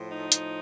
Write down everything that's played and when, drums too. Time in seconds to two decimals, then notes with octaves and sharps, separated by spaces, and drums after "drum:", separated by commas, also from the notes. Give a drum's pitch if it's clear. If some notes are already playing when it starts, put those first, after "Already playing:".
Already playing: A2 F3
0.09 D#4
0.32 A2 F3, drum: hi-hat